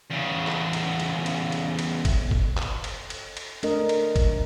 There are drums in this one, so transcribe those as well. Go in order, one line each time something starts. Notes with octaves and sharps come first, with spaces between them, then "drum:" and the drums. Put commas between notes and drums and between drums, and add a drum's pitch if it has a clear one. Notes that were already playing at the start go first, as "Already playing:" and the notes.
E2 C#3
drum: clap
drum: cymbal
drum: cymbal
drum: cymbal
drum: cymbal
drum: cymbal
drum: kick, cymbal
drum: kick
drum: clap
drum: cymbal
drum: cymbal
drum: cymbal
A3 D4 A#4 D#5, drum: cymbal
drum: cymbal
drum: kick, cymbal